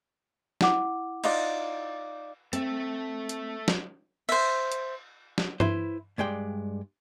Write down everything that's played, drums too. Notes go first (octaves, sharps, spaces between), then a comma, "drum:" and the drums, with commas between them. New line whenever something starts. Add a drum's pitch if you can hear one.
E4 F#5 D6, drum: snare
D#4 F4 D5, drum: cymbal
C4 A4 E5, drum: hi-hat
drum: hi-hat
drum: snare
C5 E5, drum: cymbal
drum: hi-hat
drum: snare
E4 B4 C5, drum: tom G2
G2 G#3 D5 G5